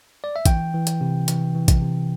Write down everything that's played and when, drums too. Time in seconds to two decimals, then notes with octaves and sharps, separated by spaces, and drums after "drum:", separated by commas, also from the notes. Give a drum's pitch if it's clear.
0.24 D5
0.36 E5
0.46 E3 G5, drum: kick A1, hi-hat
0.74 E3
0.87 drum: hi-hat
1.01 C3
1.28 E3, drum: hi-hat
1.55 E3
1.68 drum: kick A1, hi-hat
1.81 C3